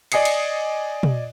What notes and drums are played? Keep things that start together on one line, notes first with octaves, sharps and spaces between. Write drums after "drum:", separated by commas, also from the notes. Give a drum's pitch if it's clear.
D5 D#5 G#5 D#6 C7 C#7, drum: cymbal
drum: cymbal
drum: tom